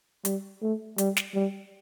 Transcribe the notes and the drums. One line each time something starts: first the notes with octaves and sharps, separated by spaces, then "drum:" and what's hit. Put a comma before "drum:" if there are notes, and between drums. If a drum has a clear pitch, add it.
G3, drum: hi-hat
A3
G3, drum: hi-hat
drum: snare
G3